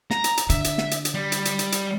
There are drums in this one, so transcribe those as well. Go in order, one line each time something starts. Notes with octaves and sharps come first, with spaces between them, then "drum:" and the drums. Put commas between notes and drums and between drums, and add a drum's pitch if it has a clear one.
A#5, drum: snare
drum: hi-hat
drum: hi-hat
D3 E5, drum: hi-hat
drum: hi-hat
drum: snare
drum: hi-hat
drum: hi-hat
G3
drum: hi-hat
drum: hi-hat
drum: hi-hat
drum: hi-hat